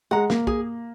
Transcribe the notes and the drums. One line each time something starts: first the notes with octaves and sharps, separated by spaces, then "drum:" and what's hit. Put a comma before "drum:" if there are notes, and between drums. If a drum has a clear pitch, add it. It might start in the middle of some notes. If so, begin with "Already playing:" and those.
G#3 F#5 A#5
A#3, drum: snare
G#4, drum: kick